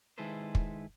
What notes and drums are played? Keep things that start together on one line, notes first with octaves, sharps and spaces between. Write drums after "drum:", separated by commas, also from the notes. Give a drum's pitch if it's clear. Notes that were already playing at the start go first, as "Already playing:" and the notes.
D#3 G#3 E4 A4 B4 C5
drum: kick